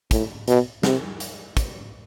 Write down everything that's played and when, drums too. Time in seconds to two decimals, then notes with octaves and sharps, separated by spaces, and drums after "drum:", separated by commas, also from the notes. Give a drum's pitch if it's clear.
0.11 A2, drum: kick, hi-hat
0.48 B2, drum: hi-hat
0.83 C3, drum: snare
1.20 drum: hi-hat
1.57 drum: kick, hi-hat